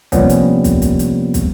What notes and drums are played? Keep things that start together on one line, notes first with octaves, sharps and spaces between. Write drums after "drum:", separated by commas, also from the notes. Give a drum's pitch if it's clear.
C3 F3 G3 A#3 B3 C#4, drum: kick, hi-hat
drum: hi-hat
drum: kick, hi-hat
drum: kick, hi-hat
drum: hi-hat
drum: kick, hi-hat